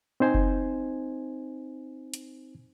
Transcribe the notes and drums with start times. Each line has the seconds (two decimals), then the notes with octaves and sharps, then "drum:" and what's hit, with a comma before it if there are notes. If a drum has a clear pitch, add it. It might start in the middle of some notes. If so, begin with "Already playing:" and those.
0.20 C4 D#4 C5 G#5
0.34 drum: kick F#1
2.14 drum: hi-hat